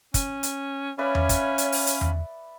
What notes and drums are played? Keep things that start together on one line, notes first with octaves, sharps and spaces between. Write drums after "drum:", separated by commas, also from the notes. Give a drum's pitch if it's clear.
C#4, drum: kick, hi-hat
drum: hi-hat
C#4 B4 C#5 D5 E5 F5 B5
drum: tom E2
drum: kick, hi-hat
drum: hi-hat
drum: open hi-hat
drum: hi-hat
drum: tom E2